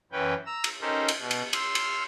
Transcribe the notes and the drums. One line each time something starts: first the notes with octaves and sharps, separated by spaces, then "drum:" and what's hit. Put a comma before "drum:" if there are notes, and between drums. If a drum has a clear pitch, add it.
F#2 E3 C#4 B4 G5
A#5 E6
drum: cymbal
C#4 D#4 G4 A4 A#4 C5
drum: cymbal
B2
drum: cymbal
C6 E6 F6, drum: cymbal
drum: cymbal